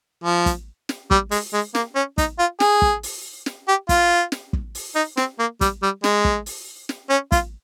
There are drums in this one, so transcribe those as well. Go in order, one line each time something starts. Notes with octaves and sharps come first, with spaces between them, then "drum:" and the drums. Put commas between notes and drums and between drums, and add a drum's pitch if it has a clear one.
F3
drum: kick, hi-hat
drum: snare
G3, drum: kick
G#3, drum: open hi-hat
G#3
A#3, drum: snare
C#4
D#4, drum: kick, hi-hat
F4
G#4, drum: snare
drum: kick
drum: open hi-hat
drum: snare
G4
F4, drum: kick, hi-hat
drum: snare
drum: kick
drum: open hi-hat
D#4
C4, drum: snare
A#3
G3, drum: kick, hi-hat
G3
G#3, drum: snare
drum: kick
drum: open hi-hat
drum: snare
C#4
F4, drum: kick, hi-hat